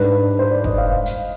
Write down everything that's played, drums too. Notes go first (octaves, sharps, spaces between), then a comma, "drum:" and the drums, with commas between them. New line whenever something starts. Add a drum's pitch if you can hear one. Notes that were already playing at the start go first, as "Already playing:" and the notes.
Already playing: G#2 G3 D4 B4
C5
D5
D#5, drum: kick
F5
drum: hi-hat